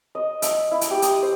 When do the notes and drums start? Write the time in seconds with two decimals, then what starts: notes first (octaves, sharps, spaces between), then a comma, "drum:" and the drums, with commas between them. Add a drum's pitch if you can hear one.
0.15 D#5
0.42 E5, drum: hi-hat
0.71 E4
0.81 drum: hi-hat
0.91 G4
1.02 D#6, drum: hi-hat
1.22 C5